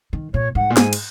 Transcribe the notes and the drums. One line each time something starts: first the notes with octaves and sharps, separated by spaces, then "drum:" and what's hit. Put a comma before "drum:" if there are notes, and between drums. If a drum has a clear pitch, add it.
D#3
A#2 C#5
G#2 F#5
A#2
G#2 G#5, drum: snare
drum: cymbal